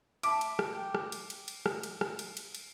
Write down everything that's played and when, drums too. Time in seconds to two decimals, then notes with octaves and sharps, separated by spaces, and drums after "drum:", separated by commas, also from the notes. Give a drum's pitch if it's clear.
0.23 E5 A5 B5 D6, drum: cymbal
0.41 drum: cymbal
0.59 drum: rim click
0.73 G5
0.95 drum: rim click
1.12 drum: cymbal
1.30 drum: cymbal
1.48 drum: cymbal
1.66 drum: rim click
1.83 drum: cymbal
2.01 drum: rim click
2.19 drum: cymbal
2.37 drum: cymbal
2.55 drum: cymbal